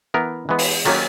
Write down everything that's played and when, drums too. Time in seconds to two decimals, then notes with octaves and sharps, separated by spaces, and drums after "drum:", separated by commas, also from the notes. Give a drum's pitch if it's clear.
0.14 E3 B3 E4 A#4
0.49 E3 G#3 B3
0.59 drum: open hi-hat
0.85 D#3 F#3 A#3 C#4, drum: cymbal